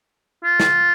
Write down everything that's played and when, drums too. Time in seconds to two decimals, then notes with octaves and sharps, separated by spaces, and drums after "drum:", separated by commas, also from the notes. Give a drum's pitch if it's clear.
0.44 F4
0.60 drum: snare